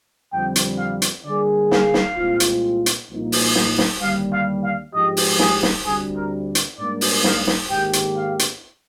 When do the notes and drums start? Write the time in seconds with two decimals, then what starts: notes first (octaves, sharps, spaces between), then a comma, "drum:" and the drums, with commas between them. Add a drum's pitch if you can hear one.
0.32 F2 D3 G3 C4 G5
0.56 drum: hi-hat
0.78 F5
1.02 drum: hi-hat
1.24 D3 G3 A#3 D4 G#4 D5
1.71 F5, drum: snare
1.94 drum: snare
2.17 C2 A#2 G#3 C4 F4
2.40 drum: hi-hat
2.86 drum: hi-hat
3.09 C2 A#2 F3 A#3 D#4
3.32 drum: open hi-hat
3.55 drum: snare
3.78 drum: snare
4.01 D#2 D3 G3 F5
4.33 F5
4.63 F5
4.93 G#2 F3 G#3 D4 G4 D#5
5.17 drum: open hi-hat
5.39 G#4, drum: snare
5.63 drum: snare
5.85 D2 C3 G3 D4 G#4
6.16 A#4
6.55 drum: hi-hat
6.78 G#2 G3 A#3 D4 D5
7.01 drum: open hi-hat
7.24 F5, drum: snare
7.47 drum: snare
7.70 G#2 D#3 A#3 D4 G4 G5
7.93 drum: hi-hat
8.17 F5
8.39 drum: hi-hat